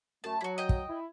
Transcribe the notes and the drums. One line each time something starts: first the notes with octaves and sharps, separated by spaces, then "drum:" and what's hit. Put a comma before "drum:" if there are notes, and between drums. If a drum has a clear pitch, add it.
F#2 A3 A5
F#3 E4 F#4
D#5 G5
drum: kick
E4